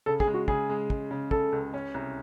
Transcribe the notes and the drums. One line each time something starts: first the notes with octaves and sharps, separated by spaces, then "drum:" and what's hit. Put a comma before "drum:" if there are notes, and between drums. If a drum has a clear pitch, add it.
C#3 A4
G#4, drum: kick
G#3
F#4
C#3 G#4, drum: kick
G#3
G#3, drum: kick
C#3
C#3 A4, drum: kick
C#2
C#4
C2